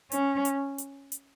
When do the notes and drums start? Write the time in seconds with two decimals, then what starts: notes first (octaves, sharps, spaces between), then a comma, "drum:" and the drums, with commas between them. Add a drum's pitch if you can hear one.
0.12 C#4, drum: hi-hat
0.45 drum: hi-hat
0.78 drum: hi-hat
1.12 drum: hi-hat